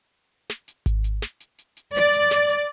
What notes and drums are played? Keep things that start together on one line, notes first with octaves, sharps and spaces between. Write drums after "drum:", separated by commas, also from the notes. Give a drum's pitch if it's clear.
drum: snare
drum: hi-hat
drum: kick G#1, hi-hat
drum: hi-hat
drum: snare
drum: hi-hat
drum: hi-hat
drum: hi-hat
D5, drum: hi-hat
drum: hi-hat
drum: snare
drum: hi-hat